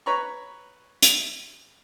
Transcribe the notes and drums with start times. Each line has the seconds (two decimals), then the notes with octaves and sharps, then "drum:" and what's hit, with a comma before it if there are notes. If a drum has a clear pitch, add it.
0.06 B4 C#5 A#5 B5 C#6
1.02 drum: hi-hat